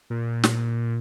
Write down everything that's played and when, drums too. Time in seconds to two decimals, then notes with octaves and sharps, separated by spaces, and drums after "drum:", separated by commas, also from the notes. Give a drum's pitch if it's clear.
0.10 A#2
0.44 drum: snare